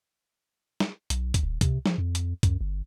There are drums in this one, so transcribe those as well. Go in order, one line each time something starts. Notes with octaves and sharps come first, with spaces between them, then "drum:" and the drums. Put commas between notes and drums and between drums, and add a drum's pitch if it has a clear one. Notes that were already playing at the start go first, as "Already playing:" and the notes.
drum: snare
B1, drum: hi-hat
drum: kick C#2, hi-hat
D#1
C3, drum: kick C#2, hi-hat
F3, drum: snare
F2
drum: hi-hat
F#2, drum: kick C#2, hi-hat
G1